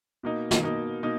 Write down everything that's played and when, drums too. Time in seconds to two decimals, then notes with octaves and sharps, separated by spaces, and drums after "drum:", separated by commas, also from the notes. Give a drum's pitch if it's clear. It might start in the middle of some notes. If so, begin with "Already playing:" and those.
0.23 B2 A#3 D#4
0.51 drum: snare
0.63 B2 A#3 D#4
1.03 B2 A#3 D#4